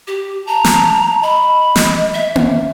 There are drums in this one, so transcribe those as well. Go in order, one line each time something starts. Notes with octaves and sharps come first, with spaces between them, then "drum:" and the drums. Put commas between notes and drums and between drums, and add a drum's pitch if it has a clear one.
G4
A5 A#5
drum: snare
D#5 B5
drum: snare
E5
drum: tom A#3